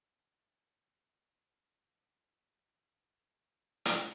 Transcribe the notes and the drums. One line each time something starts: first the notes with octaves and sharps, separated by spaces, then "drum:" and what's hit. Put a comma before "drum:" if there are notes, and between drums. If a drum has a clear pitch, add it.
D2 C3 B3 F#4 G4 D#5
F3 C#4 D#4
D#5
drum: hi-hat